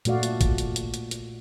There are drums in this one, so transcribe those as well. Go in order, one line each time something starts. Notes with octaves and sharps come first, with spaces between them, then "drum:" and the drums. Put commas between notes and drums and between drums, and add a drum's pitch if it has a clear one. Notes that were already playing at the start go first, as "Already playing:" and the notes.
A#2 A3 F#4 D5 F5, drum: hi-hat
drum: hi-hat
drum: kick, hi-hat
drum: hi-hat
drum: hi-hat
drum: hi-hat
drum: hi-hat